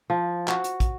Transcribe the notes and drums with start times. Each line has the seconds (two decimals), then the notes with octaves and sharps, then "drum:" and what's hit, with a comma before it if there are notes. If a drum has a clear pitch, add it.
0.10 F3
0.48 F#4, drum: clap
0.64 drum: hi-hat
0.80 drum: kick, hi-hat